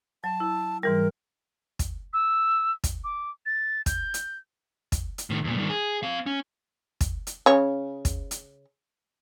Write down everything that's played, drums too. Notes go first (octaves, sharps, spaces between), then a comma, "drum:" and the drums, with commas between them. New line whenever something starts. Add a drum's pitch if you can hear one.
F#3 A5
E4
G#2 E3 G3 A#4
drum: kick, hi-hat
E6
drum: kick, hi-hat
D6
A6
G6, drum: kick, hi-hat
drum: hi-hat
drum: kick, hi-hat
drum: hi-hat
A2 D#3
E2 A#2
G2 D#3
G#4
C4 F5
C#4
drum: kick, hi-hat
drum: hi-hat
C#3 C#5
drum: kick, hi-hat
drum: hi-hat